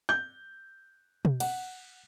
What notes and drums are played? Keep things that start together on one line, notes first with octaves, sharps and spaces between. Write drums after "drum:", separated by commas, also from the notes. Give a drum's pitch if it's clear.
G6
drum: tom B2
F#5, drum: cymbal